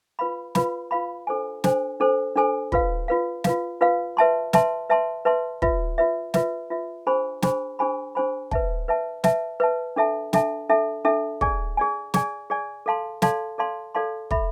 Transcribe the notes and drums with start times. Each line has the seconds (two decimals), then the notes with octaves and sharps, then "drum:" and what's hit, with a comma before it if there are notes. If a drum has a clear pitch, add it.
0.19 F4 B4 F5 B5
0.55 F4 B4 F5 B5, drum: snare
0.91 F4 B4 F5 B5
1.27 D4 A4 C5 G#5
1.64 D4 A4 C5 G#5, drum: snare
2.00 D4 A4 C5 G#5
2.36 D4 A4 C5 G#5
2.72 F4 B4 F5, drum: kick
3.08 F4 B4 F5
3.44 F4 B4 F5, drum: snare
3.81 F4 B4 F5
4.17 B4 E5 A5 C6
4.53 B4 E5 A5 C6, drum: snare
4.89 B4 E5 A5 C6
5.25 B4 E5 A5 C6
5.62 F4 B4 E5, drum: kick
5.98 F4 B4 E5
6.34 F4 B4 E5, drum: snare
6.70 F4 B4 E5
7.07 D4 G#4 C5 G#5 B5
7.42 D4 G#4 C5 G#5 B5, drum: snare
7.79 D4 G#4 C5 G#5 B5
8.15 D4 G#4 C5 G#5 B5
8.51 B4 E5 A5, drum: kick
8.88 B4 E5 A5
9.24 B4 E5 A5, drum: snare
9.60 B4 E5 A5
9.96 D4 A4 E5 A5
10.33 D4 A4 E5 A5, drum: snare
10.69 D4 A4 E5 A5
11.05 D4 A4 E5 A5
11.41 G#4 D5 G#5, drum: kick
11.77 G#4 D5 G#5
12.14 G#4 D5 G#5, drum: snare
12.50 G#4 D5 G#5
12.86 A4 D5 F5 A5 C6
13.22 A4 D5 F5 A5 C6, drum: snare
13.58 A4 D5 F5 A5 C6
13.95 A4 D5 F5 A5 C6
14.31 A4 E5 B5, drum: kick